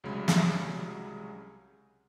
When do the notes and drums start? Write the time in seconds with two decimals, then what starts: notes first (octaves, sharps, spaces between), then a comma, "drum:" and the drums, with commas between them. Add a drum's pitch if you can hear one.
0.04 C2 C#3 F#3 G#3 B5
0.28 drum: snare